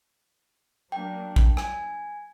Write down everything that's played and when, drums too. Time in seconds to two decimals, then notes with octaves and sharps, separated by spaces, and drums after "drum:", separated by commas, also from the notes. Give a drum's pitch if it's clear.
0.91 F#3 A#3 D4 G5
1.36 drum: kick
1.57 G#5, drum: rim click